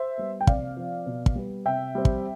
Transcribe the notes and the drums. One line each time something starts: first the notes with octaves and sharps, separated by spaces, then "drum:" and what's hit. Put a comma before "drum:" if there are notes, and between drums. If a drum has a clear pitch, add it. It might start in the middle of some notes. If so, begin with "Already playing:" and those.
Already playing: C5 E5
G3 B3
G5
C3 D5 F5, drum: kick
F3 C4
B2
drum: kick
G3 B3
C3 E5 G5
G3 C4
drum: kick